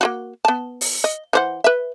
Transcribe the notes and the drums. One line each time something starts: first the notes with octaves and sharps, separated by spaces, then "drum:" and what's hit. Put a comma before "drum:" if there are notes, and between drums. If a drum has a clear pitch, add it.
A#3 F4 F#4
B3 A5
drum: open hi-hat
D#5
E3 C5 F#5
B4 E5